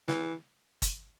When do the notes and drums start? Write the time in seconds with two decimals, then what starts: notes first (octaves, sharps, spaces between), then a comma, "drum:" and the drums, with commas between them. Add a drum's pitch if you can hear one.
0.08 E3, drum: snare
0.82 drum: kick, hi-hat